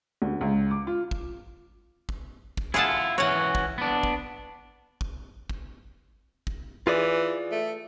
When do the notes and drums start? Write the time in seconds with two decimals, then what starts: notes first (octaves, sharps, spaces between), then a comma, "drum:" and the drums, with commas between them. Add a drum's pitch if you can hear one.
0.22 D2
0.41 C#2
0.71 D6
0.87 F4
1.11 drum: kick
2.09 drum: kick
2.57 drum: kick
2.74 E4 F4 G#4 F#5 A5
3.18 E3 C#4 F#4 C#5 F#5
3.55 drum: kick
3.78 B3 D4
4.03 drum: kick
5.01 drum: kick
5.50 drum: kick
6.47 drum: kick
6.87 E3 F4 G#4 D5
7.51 A3